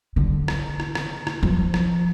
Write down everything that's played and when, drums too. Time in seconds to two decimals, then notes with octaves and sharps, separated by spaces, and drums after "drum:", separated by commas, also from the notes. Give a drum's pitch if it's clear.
0.16 D3
0.48 drum: rim click
0.80 drum: rim click
0.95 drum: rim click
1.27 drum: rim click
1.43 F3, drum: kick G#1
1.74 drum: rim click